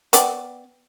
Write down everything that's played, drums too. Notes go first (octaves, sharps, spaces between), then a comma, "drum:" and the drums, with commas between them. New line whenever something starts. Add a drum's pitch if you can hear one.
B3 D5 G5, drum: hi-hat